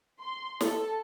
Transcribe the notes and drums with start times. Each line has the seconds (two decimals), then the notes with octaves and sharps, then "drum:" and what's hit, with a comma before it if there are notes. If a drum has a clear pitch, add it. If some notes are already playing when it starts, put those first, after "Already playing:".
0.21 C6
0.61 A4, drum: snare